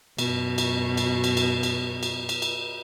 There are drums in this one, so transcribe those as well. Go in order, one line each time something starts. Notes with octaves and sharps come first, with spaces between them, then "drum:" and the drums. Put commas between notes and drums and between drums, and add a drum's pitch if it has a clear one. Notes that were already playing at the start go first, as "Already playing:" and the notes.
F#2 B2, drum: cymbal
drum: cymbal
drum: cymbal
drum: cymbal
drum: cymbal
drum: cymbal
drum: cymbal
drum: cymbal
drum: cymbal